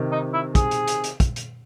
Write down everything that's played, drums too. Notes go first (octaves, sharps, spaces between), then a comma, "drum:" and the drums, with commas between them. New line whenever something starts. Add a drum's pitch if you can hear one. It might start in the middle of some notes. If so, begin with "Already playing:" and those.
Already playing: C3 D#3
D#4
E4
G#4, drum: kick, hi-hat
drum: hi-hat
drum: hi-hat
drum: hi-hat
drum: kick, hi-hat
drum: hi-hat